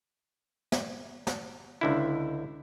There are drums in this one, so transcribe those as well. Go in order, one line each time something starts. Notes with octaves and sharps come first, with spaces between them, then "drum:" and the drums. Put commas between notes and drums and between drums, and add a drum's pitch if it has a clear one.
drum: snare
drum: snare
C#2 D3 E4